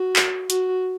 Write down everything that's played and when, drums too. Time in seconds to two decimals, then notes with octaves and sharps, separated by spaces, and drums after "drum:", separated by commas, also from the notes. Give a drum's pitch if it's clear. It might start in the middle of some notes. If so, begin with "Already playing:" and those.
Already playing: F#4
0.16 drum: clap
0.50 F#4, drum: hi-hat